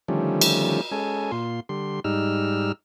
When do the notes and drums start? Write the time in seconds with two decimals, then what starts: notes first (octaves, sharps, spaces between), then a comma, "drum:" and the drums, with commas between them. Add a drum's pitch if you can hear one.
0.08 D3 D#3 F3 G3 A3 C#4
0.41 drum: cymbal
0.92 G#3 C#4 A4 G#5
1.32 A#2 F4 C6
1.69 D3 G3 C6
2.04 G#2 G3 D#4 E6 F6